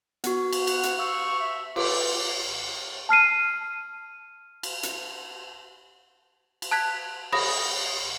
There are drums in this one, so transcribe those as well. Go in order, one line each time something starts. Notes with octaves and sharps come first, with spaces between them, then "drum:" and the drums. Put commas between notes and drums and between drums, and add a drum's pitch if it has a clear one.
B3 F#4, drum: hi-hat
drum: cymbal
F#5, drum: cymbal
drum: hi-hat
F5 C#6 E6
E5
F4 B4 D6, drum: cymbal
A5 F6 C7 D#7
drum: cymbal
drum: hi-hat
drum: cymbal
A5 F#6 G#6 B6
B5 D#6 A#6, drum: cymbal